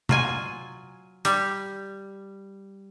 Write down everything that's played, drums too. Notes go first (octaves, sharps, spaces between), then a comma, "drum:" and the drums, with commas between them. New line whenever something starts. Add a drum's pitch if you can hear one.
F#3 F4 G#5, drum: tom C3
G3, drum: hi-hat